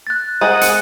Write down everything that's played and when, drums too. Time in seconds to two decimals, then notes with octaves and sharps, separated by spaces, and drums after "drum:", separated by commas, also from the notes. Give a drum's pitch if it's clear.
0.07 F#6 A6
0.41 G#3 G#4 A#4 C5 F#5 D#6 F#6
0.61 C#7, drum: hi-hat